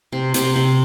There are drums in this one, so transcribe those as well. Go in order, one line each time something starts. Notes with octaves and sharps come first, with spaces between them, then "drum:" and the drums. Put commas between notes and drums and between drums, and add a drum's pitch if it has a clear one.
C3
C3, drum: hi-hat
C3